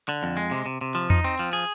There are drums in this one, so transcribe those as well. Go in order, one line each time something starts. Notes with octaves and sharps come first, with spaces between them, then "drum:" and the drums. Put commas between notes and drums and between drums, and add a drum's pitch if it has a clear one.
D3
F2
G#3
C3
C3
C3
F3
D#4, drum: tom E2
C4
F3
G#4